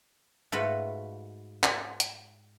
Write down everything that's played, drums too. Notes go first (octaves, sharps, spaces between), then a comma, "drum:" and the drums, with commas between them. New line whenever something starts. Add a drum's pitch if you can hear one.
G#2 A3 F4 F#4 B4 B5
drum: clap
drum: hi-hat